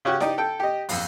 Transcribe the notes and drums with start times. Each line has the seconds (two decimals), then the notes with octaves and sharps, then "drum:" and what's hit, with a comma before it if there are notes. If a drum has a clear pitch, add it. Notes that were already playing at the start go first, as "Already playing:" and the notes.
0.05 C#3 C#4 F#4 G4
0.21 D#4 G4 D5, drum: snare E4
0.38 A4 G5
0.60 G4 D#5
0.89 A#1 F2, drum: open hi-hat